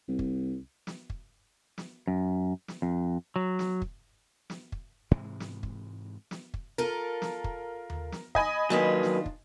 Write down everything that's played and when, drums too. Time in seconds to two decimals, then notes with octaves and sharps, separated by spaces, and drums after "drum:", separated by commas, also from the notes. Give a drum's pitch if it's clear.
0.08 C2
0.19 drum: kick
0.87 drum: snare
1.10 drum: kick
1.78 drum: snare
2.07 F#2
2.68 drum: snare
2.82 F2
3.36 F#3
3.59 drum: snare
3.82 drum: kick
4.50 drum: snare
4.72 drum: kick
5.11 G#2 C3 E3 G#3
5.40 drum: snare
5.63 drum: kick
6.31 drum: snare
6.54 drum: kick
6.78 F4 A4 A#4
7.22 drum: snare
7.44 drum: kick
7.90 drum: tom D#2
8.12 drum: snare
8.35 D#5 G#5 B5, drum: kick
8.70 D#3 F#3 A#3 D4 F4 B4
9.03 drum: snare
9.26 drum: kick